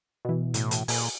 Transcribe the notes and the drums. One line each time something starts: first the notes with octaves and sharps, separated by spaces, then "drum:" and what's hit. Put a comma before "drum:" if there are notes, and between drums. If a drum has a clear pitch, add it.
B2 E3
A2, drum: hi-hat
drum: hi-hat
A#2 G#5, drum: open hi-hat